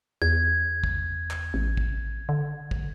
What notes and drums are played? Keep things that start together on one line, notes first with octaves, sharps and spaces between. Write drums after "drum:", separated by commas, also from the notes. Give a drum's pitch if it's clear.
E2 G#6
drum: kick
drum: clap
A1
drum: kick
D3
drum: kick